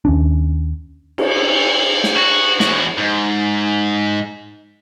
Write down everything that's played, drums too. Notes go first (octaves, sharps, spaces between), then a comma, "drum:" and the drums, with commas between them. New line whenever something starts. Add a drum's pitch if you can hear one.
D#2 C#4 D4
drum: cymbal
drum: snare
F#4
E2 F#4, drum: snare
G#2